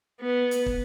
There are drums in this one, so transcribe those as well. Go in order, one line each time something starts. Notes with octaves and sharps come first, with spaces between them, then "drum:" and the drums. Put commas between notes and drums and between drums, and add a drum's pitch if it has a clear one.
B3
drum: hi-hat
drum: kick